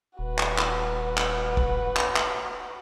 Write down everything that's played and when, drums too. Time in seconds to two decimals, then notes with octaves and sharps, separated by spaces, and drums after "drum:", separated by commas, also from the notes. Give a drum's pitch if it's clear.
0.19 D#1 F#4 B4
0.39 drum: clap
0.58 drum: clap
1.18 drum: clap
1.57 drum: kick
1.97 drum: clap
2.16 drum: clap